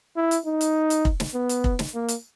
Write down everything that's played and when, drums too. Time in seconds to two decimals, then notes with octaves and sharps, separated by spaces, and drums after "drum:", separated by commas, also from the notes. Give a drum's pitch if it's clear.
0.17 E4
0.31 drum: hi-hat
0.46 D#4
0.61 drum: hi-hat
0.90 drum: hi-hat
1.05 drum: kick
1.20 drum: snare
1.34 B3
1.49 drum: hi-hat
1.64 drum: kick
1.79 drum: snare
1.94 A#3
2.08 drum: hi-hat